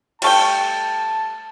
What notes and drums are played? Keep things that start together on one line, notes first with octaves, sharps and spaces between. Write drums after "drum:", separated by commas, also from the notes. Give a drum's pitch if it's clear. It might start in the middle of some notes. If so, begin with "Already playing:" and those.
G3 A3 G5 A5, drum: cymbal